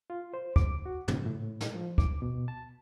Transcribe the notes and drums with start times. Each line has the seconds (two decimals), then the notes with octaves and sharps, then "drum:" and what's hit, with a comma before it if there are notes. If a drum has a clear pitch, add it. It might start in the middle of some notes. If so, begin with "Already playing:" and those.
0.10 F4
0.34 C5
0.56 D6, drum: kick
0.86 F#4
1.08 C#3, drum: tom
1.26 A2
1.61 drum: snare
1.74 F3
1.98 D6, drum: kick
2.22 B2
2.48 A5